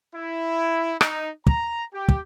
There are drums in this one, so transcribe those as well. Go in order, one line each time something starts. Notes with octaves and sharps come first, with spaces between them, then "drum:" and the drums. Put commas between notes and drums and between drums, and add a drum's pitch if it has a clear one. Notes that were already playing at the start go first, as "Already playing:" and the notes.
E4
D#4, drum: rim click
A#5, drum: kick
G4
drum: kick